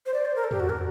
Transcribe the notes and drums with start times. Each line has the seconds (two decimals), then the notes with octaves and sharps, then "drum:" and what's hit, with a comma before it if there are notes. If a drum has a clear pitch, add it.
0.06 C5
0.14 D5
0.25 C5
0.36 A#4
0.44 A4
0.51 G4, drum: tom
0.60 F#4
0.69 A#4, drum: tom